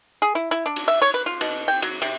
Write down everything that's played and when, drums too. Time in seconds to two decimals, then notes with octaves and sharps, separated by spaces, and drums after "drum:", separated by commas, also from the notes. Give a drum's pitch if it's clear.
0.22 G#4
0.35 E4
0.51 E4
0.66 D4
0.76 drum: cymbal
0.88 E5
1.02 C#5
1.14 B4
1.26 F4
1.41 B2, drum: cymbal
1.68 G5
1.82 F#3, drum: cymbal
2.02 C3, drum: cymbal